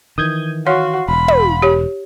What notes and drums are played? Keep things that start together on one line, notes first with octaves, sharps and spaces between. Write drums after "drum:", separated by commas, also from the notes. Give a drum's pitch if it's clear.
D#3 E3 D#6 G6 G#6
F#4 C#5 F5 F#5 C6
E1 B5
drum: tom
G4 C#5